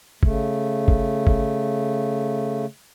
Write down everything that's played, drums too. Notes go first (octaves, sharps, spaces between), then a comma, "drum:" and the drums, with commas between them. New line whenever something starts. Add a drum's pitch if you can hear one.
C#3 A3, drum: kick
drum: kick
drum: kick